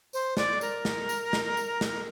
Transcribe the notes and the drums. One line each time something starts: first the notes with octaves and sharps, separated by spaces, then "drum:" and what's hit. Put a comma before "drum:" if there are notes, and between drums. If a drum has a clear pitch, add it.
C5, drum: tambourine
D5, drum: snare
A#4, drum: tambourine
drum: snare
drum: tambourine
drum: snare
drum: tambourine
drum: snare